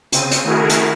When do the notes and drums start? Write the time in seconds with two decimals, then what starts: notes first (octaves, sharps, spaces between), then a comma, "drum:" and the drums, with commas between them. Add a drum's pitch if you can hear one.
0.12 C#3 C4 D#7, drum: hi-hat
0.31 drum: hi-hat
0.44 D#3 A3 E4 F#4 G#4 A#4
0.69 drum: hi-hat